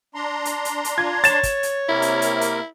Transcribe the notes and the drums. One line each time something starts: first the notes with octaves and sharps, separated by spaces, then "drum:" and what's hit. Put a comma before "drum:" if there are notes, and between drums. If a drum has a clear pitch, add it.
D4 A#5 C6
drum: hi-hat
drum: hi-hat
drum: hi-hat
F4 G#6
C#5 A6 E7, drum: hi-hat
drum: kick, hi-hat
drum: hi-hat
C3 A#3 E4 A#4
drum: hi-hat
drum: hi-hat
drum: hi-hat